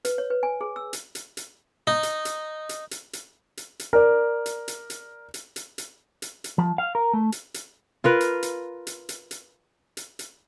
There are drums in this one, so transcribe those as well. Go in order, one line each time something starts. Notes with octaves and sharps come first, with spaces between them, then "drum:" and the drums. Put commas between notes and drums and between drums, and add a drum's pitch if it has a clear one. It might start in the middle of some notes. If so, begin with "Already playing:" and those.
B4, drum: hi-hat
C#5
B4
G#5
G#4
E6
drum: hi-hat
drum: hi-hat
drum: hi-hat
D#4
drum: hi-hat
drum: hi-hat
drum: hi-hat
drum: hi-hat
drum: hi-hat
drum: hi-hat
drum: hi-hat
A#4 D5
drum: hi-hat
drum: hi-hat
drum: hi-hat
drum: hi-hat
drum: hi-hat
drum: hi-hat
drum: hi-hat
drum: hi-hat
F3
F5
A#4
A3
drum: hi-hat
drum: hi-hat
F4 A#4 B4
drum: hi-hat
drum: hi-hat
drum: hi-hat
drum: hi-hat
drum: hi-hat
drum: hi-hat
drum: hi-hat